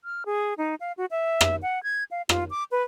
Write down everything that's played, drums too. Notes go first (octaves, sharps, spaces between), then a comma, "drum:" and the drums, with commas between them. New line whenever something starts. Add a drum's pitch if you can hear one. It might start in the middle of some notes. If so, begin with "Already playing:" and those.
F6
G#4
D#4
F5
F#4
E5
drum: rim click
F#5
G#6
F5
F4, drum: rim click
D6
B4